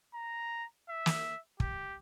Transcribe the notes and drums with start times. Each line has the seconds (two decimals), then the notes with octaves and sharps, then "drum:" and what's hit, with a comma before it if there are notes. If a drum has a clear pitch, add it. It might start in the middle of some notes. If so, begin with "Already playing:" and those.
0.15 A#5
0.89 E5
1.06 drum: snare
1.60 G4, drum: kick